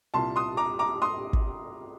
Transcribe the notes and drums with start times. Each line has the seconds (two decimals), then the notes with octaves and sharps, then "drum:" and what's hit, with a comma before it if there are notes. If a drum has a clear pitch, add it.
0.14 C2 A#2 A5 C6
0.36 C6 D#6
0.57 A#5 D6
0.79 A#5 D6
1.02 C6 D#6
1.33 drum: kick